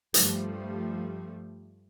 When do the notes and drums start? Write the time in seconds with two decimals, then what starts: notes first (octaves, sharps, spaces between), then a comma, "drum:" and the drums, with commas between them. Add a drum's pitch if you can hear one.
0.14 G2 F3 G3 A3, drum: hi-hat